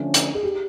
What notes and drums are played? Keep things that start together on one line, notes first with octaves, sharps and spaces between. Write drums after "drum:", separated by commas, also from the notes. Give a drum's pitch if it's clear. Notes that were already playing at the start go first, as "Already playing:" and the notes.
Already playing: D3 F3 A3 C#4
drum: hi-hat
G#4
G4